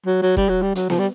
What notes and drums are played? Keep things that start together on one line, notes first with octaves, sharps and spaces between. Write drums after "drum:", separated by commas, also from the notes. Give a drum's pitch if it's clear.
F#3
F#3
G3, drum: kick
F#3
G3
F#3, drum: hi-hat
F3, drum: snare B3
G3